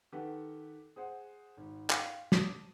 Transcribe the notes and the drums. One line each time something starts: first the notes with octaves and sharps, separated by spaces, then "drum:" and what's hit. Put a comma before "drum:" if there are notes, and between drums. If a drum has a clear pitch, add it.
D#3 G4 A4 B4 F#5
G#4 C5 F#5
G#1
F5 G5 C6 B6 D#7, drum: clap
A5 D6 D#6, drum: snare